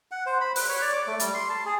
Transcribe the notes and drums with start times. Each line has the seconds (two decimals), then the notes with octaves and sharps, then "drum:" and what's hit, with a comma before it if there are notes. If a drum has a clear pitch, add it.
0.11 F#5
0.26 C5
0.41 B5
0.56 B4, drum: open hi-hat
0.68 C#5
0.81 D5
0.93 D6
1.07 A3
1.20 G3, drum: hi-hat
1.34 C6
1.49 A5
1.66 G#4